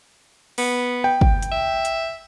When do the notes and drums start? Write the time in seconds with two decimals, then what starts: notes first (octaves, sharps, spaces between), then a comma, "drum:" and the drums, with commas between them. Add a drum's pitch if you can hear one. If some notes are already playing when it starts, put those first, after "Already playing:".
0.58 B3, drum: open hi-hat
1.04 G5
1.21 drum: kick
1.43 drum: hi-hat
1.52 E5
1.85 drum: hi-hat